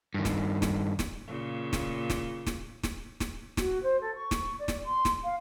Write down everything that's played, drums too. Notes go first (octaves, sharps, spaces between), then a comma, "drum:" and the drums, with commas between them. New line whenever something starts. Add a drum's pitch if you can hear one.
G2 D#3
drum: snare
drum: snare
drum: snare
A#2 C#3
drum: snare
drum: snare
drum: snare
drum: snare
drum: snare
F#4, drum: snare
C5
A4
C#6
drum: snare
D5
drum: snare
C6
drum: snare
F5